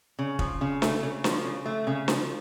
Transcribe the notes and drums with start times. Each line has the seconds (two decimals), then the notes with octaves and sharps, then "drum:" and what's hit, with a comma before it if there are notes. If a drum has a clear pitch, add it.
0.19 C#3
0.39 F3, drum: kick
0.61 C#3
0.82 A3, drum: snare
1.03 C#3
1.24 F3, drum: snare
1.45 C#3
1.66 A3
1.87 C#3
2.08 F3, drum: snare